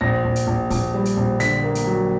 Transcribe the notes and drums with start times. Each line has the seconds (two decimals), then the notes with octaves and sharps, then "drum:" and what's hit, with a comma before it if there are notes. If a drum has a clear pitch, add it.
0.01 A#1 A#6
0.24 A#1
0.36 drum: hi-hat
0.47 A#1
0.70 A#1, drum: kick, open hi-hat
0.94 G3
1.05 drum: hi-hat
1.17 A#1
1.40 D3 B6, drum: hi-hat
1.64 A#3
1.75 drum: hi-hat
1.87 F#3